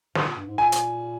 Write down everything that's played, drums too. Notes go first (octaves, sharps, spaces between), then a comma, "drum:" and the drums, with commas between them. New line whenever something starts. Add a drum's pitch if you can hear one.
G#2, drum: snare
A#2
G2
G#2
A#2 G#5
drum: hi-hat